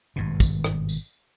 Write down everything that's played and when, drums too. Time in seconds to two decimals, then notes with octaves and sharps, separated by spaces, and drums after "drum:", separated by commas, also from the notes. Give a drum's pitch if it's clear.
0.16 G#1 G2 B2
0.40 drum: kick, tambourine
0.64 drum: rim click
0.89 drum: tambourine